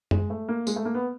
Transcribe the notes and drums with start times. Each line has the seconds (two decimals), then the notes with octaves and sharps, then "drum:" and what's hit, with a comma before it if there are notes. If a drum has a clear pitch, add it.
0.11 G#3, drum: tom F#2
0.30 A3
0.48 A#3
0.67 G#3, drum: tambourine
0.76 A3
0.85 A#3
0.94 B3